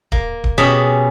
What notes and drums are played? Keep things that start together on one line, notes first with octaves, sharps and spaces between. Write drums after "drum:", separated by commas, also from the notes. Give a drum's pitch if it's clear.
A#3, drum: kick D1
drum: kick D1
B2 C#4 G4 G#4 A5 B5